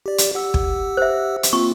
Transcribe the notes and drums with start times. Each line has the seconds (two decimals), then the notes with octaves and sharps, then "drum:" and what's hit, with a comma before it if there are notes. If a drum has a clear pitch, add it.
0.06 G4 D5
0.18 drum: hi-hat
0.34 G4 F#5 E6
0.54 drum: kick
0.97 C5 E5
1.43 drum: hi-hat
1.53 A#3 C4 F4 C#6